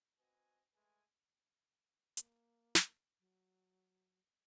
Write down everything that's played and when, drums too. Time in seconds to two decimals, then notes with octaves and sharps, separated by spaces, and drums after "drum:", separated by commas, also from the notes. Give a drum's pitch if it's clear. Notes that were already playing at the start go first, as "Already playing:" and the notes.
0.19 C4 F#4 B4 D#5 G#5
0.74 G#3 A3 B4 G#5
2.17 A#3, drum: hi-hat
2.75 drum: snare
3.19 F#3